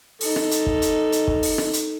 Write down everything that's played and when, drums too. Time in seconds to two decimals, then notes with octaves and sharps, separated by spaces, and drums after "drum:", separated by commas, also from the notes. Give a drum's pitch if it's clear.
0.21 D#4 A4, drum: open hi-hat
0.36 drum: rim click
0.51 drum: hi-hat
0.67 drum: kick
0.82 drum: hi-hat
1.12 drum: hi-hat
1.28 drum: kick
1.43 drum: open hi-hat
1.58 drum: rim click
1.73 drum: hi-hat